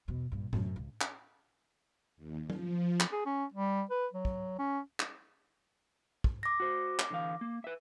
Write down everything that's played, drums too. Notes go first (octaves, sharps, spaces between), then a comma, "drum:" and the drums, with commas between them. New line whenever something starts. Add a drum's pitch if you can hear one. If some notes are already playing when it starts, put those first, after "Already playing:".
E2 B2
G2 A#2
F#2 C3, drum: tom A2
C#2
drum: clap
D#2
F3, drum: tom F#3
drum: clap
G#4
C#4
G3
B4
F#3
drum: kick
C#4
drum: clap
drum: kick
D6 A#6
F#4 C5
drum: clap
D3 E3 F5
A#3
B4 E5